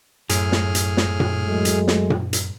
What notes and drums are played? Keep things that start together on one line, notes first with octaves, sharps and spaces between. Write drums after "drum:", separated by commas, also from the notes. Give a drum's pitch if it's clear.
F#2 A2 G#4 F6, drum: hi-hat
drum: snare
drum: hi-hat
drum: snare
drum: tom A#2
F#3 G#3 A3
drum: hi-hat
drum: snare
drum: tom A#2
drum: hi-hat